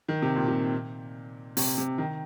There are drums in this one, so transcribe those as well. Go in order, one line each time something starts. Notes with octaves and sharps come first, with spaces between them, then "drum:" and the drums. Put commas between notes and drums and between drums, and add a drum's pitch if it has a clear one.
D#3
C3
A#2
C3
C3, drum: open hi-hat
C3
D#3